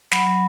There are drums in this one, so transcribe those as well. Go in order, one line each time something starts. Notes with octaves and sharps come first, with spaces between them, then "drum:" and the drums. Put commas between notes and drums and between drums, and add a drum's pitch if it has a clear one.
F#3 B5, drum: snare
F#3